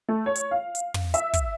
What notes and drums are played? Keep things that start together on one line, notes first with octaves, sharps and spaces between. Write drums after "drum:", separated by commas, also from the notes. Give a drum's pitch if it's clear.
A3
C#5
drum: hi-hat
F5
drum: hi-hat
drum: tom
E5, drum: hi-hat
drum: kick, hi-hat